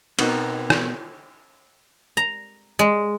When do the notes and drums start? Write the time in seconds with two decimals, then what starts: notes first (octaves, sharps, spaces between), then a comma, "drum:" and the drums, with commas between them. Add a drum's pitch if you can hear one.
0.19 B2 B3 C4 D#4 A#4, drum: cymbal
0.70 drum: rim click
2.17 A#5
2.79 G#3